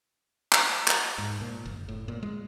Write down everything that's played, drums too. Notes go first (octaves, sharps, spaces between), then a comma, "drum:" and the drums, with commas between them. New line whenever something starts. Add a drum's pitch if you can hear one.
drum: clap
drum: clap
G#2
A#2
F#1
A2
A#2
G#3